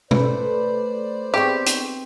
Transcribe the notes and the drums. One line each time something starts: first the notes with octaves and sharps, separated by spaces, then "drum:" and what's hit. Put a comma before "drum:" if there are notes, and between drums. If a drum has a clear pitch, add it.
A3 B4 C5 D5, drum: tom B2
B3 C4 G4 G#4 E5 C#6
drum: hi-hat